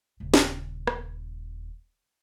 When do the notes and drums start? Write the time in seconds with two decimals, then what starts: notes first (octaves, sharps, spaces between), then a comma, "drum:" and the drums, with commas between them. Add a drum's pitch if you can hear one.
0.20 D#1 C#3
0.34 drum: snare
0.87 drum: rim click